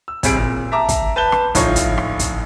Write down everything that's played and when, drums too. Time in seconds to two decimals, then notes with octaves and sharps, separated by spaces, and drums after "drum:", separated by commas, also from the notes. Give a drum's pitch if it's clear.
0.08 E6
0.23 A1 C3 G3 G#4 D7, drum: kick, hi-hat
0.36 A#2
0.72 E5 A5 A#5 D6
0.89 drum: kick, hi-hat
1.16 B4 A5 G6 G7
1.32 drum: rim click
1.55 A#1 A2 D#4 F4 C#5, drum: kick, hi-hat
1.76 drum: kick, hi-hat
1.98 drum: rim click
2.19 drum: kick, hi-hat